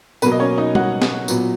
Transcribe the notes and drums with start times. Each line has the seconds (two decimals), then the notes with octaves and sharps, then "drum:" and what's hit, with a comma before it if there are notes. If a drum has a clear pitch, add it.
0.22 B2 F#3 A#3 B4, drum: tambourine
0.32 D#5
0.40 C#4 C#5
0.58 D#4 D#5
0.75 F#4 F#5, drum: tom G3
1.02 drum: snare
1.28 A#2 F#3 B3, drum: tambourine